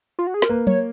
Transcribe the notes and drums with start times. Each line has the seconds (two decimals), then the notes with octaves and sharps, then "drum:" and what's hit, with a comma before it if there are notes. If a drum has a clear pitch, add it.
0.19 F4
0.27 F#4
0.34 G#4
0.42 A#4, drum: snare
0.49 A#3 B4
0.67 C#5, drum: tom